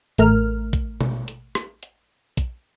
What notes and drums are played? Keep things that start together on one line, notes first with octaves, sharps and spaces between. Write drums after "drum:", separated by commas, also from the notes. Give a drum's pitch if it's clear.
A1 A3 A#4 F6, drum: hi-hat
drum: kick, hi-hat
drum: tom B2
drum: hi-hat
drum: rim click
drum: hi-hat
drum: kick, hi-hat